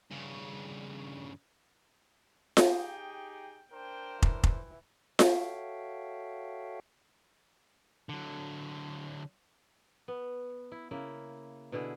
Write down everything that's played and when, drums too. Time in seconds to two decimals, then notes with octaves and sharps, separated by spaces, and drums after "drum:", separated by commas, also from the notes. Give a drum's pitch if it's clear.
0.11 G2 C#3
2.57 drum: snare F4
2.67 D#4 G4 G#4 G5
3.72 D4 A#4 C5 G5
4.22 E3, drum: kick
4.44 drum: kick
5.19 F#4 A4 C#5 E5 F5 G5, drum: snare F4
8.09 D3 F#3
10.08 B3
10.72 E4
10.91 C#3 A#3 E4
11.72 B2 D3 E4 G#4